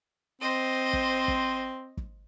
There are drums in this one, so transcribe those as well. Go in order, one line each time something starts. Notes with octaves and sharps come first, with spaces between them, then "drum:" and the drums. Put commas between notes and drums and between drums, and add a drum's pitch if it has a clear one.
C4 C5 D#5
drum: kick
drum: kick
drum: kick